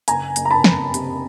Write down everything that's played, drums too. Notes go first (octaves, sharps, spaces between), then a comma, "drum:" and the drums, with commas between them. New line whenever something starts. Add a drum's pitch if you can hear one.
F#1 G#5 A#5, drum: hi-hat
F#1, drum: hi-hat
A#5
A5 B5
F2, drum: snare
C3, drum: hi-hat